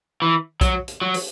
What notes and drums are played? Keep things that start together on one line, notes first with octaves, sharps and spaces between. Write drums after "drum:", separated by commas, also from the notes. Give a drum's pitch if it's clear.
E3
F#3, drum: kick B1, hi-hat
drum: hi-hat
F#3
drum: open hi-hat